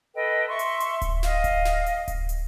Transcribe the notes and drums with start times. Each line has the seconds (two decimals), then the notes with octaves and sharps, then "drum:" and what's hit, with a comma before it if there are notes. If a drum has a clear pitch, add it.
0.14 A4 B4 D#5 G5
0.49 E5 C6 C#6
0.59 drum: hi-hat
0.80 drum: hi-hat
1.02 drum: kick D1, hi-hat
1.23 D#5 F5, drum: snare
1.44 drum: kick D1, hi-hat
1.65 drum: snare
1.86 drum: hi-hat
2.08 drum: kick D1, hi-hat
2.29 drum: hi-hat